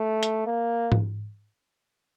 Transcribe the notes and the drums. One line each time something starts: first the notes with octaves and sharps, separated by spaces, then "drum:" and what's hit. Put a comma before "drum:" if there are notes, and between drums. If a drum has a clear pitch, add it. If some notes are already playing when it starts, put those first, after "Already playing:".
Already playing: A3
drum: hi-hat
A#3
drum: tom G#2